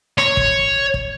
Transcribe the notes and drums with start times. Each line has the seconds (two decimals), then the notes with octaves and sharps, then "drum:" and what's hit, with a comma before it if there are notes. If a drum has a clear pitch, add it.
0.18 C#5, drum: rim click
0.37 drum: kick
0.94 drum: kick